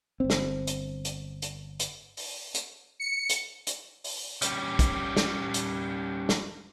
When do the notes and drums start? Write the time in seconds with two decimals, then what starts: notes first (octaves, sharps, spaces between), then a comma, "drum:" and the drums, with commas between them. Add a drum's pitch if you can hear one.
0.20 G1 C4
0.30 drum: snare
0.67 drum: hi-hat
1.05 drum: hi-hat
1.42 drum: hi-hat
1.80 drum: hi-hat
2.17 drum: open hi-hat
2.54 drum: hi-hat
3.00 C#7
3.29 drum: hi-hat
3.67 drum: hi-hat
4.04 drum: open hi-hat
4.42 G3 C#4, drum: hi-hat
4.79 drum: kick, hi-hat
5.17 drum: snare
5.54 drum: hi-hat
6.29 drum: snare